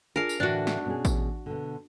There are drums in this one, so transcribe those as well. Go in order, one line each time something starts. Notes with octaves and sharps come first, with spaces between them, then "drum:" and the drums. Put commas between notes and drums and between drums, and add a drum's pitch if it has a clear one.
D4 F4 G#4 A#4 F5
drum: tambourine
A2 D3 E3 D4 F#4
drum: snare
B2 C#4 G#4
drum: kick A1, tambourine
B2 D3